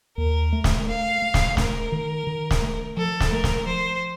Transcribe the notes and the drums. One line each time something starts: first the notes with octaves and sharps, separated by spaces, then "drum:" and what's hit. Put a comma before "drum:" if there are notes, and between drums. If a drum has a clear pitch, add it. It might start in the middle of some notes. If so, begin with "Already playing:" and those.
D#2 A#4
A3
drum: snare
A3 F5
A3
drum: snare
A3 A#4, drum: snare
D#3
D#3
drum: snare
A3
F3 A4
drum: snare
A3 A#4
drum: snare
F3 C5